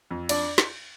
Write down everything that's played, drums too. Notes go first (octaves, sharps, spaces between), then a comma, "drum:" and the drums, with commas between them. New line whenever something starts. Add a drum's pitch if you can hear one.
F2
D4 D5, drum: cymbal
drum: snare